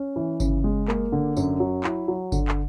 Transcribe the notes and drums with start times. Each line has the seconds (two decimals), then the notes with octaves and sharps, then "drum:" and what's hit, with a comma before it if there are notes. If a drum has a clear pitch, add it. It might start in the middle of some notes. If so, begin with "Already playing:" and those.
Already playing: C#4
0.16 E3
0.40 C#3, drum: kick G1, tambourine
0.64 G#3
0.88 A#3, drum: clap
1.12 D3
1.37 F#2, drum: tambourine
1.60 F#3
1.84 E4, drum: clap
2.08 F#3
2.32 D3, drum: kick G1, tambourine
2.48 drum: clap